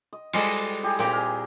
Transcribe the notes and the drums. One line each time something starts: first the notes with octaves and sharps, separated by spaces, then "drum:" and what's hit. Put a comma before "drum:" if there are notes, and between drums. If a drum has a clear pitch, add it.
D#5
G3 G#3 F4 A4, drum: cymbal
E4 G4 G#4
A#2 C4 G4 A#5, drum: tambourine
G#4 A#4 G#5